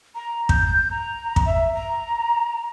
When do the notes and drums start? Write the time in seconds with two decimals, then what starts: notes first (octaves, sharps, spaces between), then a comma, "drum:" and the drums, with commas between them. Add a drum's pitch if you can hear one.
0.15 A#5
0.49 G6, drum: kick
0.65 G6
0.91 A#5
1.36 drum: kick
1.46 E5
1.75 A#5